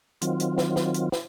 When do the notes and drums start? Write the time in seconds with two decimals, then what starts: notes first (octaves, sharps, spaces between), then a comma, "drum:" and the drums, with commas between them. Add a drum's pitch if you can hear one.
0.21 D#3 F#3 C4 F4, drum: hi-hat
0.40 drum: hi-hat
0.58 drum: snare
0.76 drum: snare
0.94 drum: hi-hat
1.12 drum: snare